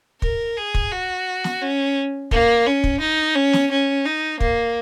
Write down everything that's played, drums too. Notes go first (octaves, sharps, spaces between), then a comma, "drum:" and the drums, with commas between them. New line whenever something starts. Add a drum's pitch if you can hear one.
A#4, drum: kick
G#4
drum: kick
F#4
drum: snare
C#4
A#3, drum: kick
C#4
drum: kick
D#4
C#4
drum: snare
C#4
D#4
A#3, drum: kick